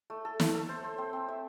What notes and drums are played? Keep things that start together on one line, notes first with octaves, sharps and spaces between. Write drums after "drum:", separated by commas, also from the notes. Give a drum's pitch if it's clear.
A3
A4
A4, drum: snare
A4
C5
C5
C4
C4
E5